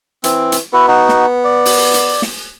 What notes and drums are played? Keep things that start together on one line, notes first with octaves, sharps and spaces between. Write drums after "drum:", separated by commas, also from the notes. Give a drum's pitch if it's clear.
E3 C4, drum: hi-hat
drum: hi-hat
B3 E4 F#4
D#4 F#4
drum: snare
D5
drum: open hi-hat
drum: hi-hat
drum: snare